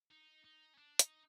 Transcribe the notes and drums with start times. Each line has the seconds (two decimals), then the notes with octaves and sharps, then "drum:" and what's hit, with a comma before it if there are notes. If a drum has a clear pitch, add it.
0.11 D#4
0.44 D#4
0.74 C#4
0.77 D4
0.99 D#4, drum: hi-hat